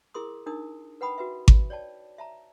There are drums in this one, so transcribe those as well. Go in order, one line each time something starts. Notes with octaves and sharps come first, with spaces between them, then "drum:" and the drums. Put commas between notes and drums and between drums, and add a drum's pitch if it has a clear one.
E4 G#4 A#4 C6 D#6
D4 D#4 A#4 D#6
B4 F#5 G5 B5 D#6
F#4 B4 E5
drum: kick G#1
C#5 D5 G5 A5
E5 A5 A#5